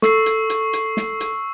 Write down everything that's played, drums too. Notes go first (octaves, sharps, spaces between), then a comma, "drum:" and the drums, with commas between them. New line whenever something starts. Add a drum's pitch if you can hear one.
A4 C#6 E6 C7, drum: snare
drum: hi-hat
drum: hi-hat
drum: hi-hat
drum: snare
drum: hi-hat